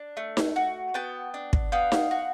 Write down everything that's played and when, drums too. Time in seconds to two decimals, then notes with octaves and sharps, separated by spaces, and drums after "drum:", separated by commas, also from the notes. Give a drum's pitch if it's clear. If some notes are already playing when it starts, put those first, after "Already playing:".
Already playing: D4
0.17 A3
0.37 drum: snare D#4
0.56 F#4
0.94 B3 G5 A5
1.34 D4
1.53 drum: kick
1.72 B3 F5 G5
1.92 drum: snare D#4
2.11 F#4